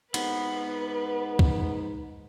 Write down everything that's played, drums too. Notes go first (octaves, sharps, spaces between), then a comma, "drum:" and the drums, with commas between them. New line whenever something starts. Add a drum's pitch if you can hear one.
G#2 B3 B4, drum: cymbal
drum: kick